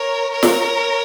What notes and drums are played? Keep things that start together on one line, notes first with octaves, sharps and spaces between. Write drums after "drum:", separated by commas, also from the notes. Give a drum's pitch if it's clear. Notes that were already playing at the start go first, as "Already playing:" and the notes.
Already playing: A#4 C#5
A#4 C#5
drum: snare